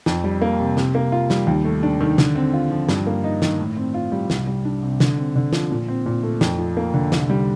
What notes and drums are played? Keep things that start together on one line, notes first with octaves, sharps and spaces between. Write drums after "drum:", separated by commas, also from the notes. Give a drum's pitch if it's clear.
F2, drum: snare
G3
A#3
C3
C3, drum: snare
A#3
F4
G3, drum: snare
D#2
A3
D4
D#3
D3, drum: snare
C4
F4
F3
G2, drum: snare
A#3
D#4
D#3, drum: snare
A2
C4
F4
G3
C2, drum: snare
G3
D4
C3
D3, drum: snare
C4
D3
F3, drum: snare
A#2
C4
A#2
A3
F2, drum: snare
F3
A#3
D3
C2, drum: snare
G3